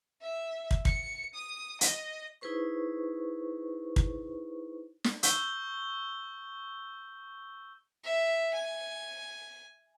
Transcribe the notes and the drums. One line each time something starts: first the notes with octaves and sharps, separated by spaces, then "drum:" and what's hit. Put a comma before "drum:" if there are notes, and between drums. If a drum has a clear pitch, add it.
E5
drum: kick
C#7, drum: kick
D#6
D#5, drum: hi-hat
D#4 E4 G#4 B4 C5 C#6
drum: kick
drum: snare
C#6 E6 G6 G7, drum: hi-hat
E5
G#5